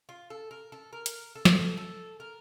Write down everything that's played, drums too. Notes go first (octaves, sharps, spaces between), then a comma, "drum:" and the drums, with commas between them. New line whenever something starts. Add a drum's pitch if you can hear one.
F4
A4
A#4
A4
A#4
drum: hi-hat
A4
drum: snare
A4
A#4